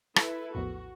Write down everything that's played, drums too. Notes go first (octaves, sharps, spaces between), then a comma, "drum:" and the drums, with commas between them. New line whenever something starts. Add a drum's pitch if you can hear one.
E4 A4 B4, drum: rim click
A#1 E2 A2 F#4